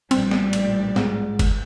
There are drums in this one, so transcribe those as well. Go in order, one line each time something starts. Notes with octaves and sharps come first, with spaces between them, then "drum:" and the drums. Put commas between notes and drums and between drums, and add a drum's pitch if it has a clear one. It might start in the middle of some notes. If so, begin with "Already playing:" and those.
A#1 A2 G3 C4 D5, drum: cymbal
drum: snare
drum: cymbal
G#2, drum: snare
drum: kick G1, cymbal